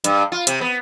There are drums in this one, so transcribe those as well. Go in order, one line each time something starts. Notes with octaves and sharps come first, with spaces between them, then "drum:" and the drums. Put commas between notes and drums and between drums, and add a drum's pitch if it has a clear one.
G2, drum: hi-hat
F4
C3, drum: hi-hat
B3